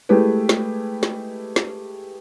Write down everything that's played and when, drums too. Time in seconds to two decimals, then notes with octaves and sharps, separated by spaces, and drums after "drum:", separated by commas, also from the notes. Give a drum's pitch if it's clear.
0.09 G#3 A3 E4 G4 G#4 B4
0.49 drum: snare
1.03 drum: snare
1.56 drum: snare